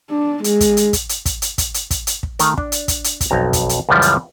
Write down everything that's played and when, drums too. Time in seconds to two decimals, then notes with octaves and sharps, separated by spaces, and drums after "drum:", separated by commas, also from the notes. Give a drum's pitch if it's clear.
0.11 D4
0.44 G#3, drum: hi-hat
0.61 drum: kick, hi-hat
0.77 drum: hi-hat
0.93 drum: kick, hi-hat
1.09 drum: hi-hat
1.26 drum: kick, hi-hat
1.42 drum: hi-hat
1.58 drum: kick, hi-hat
1.74 drum: hi-hat
1.91 drum: kick, hi-hat
2.07 drum: hi-hat
2.23 drum: kick
2.39 D#3 A3 A#4, drum: hi-hat
2.58 D4, drum: kick
2.72 drum: hi-hat
2.88 drum: kick, hi-hat
3.04 drum: hi-hat
3.21 drum: kick, hi-hat
3.30 B1 F2 A#5
3.53 drum: kick, hi-hat
3.69 drum: hi-hat
3.89 C#2 F#2 E3 F3 G3
4.02 drum: hi-hat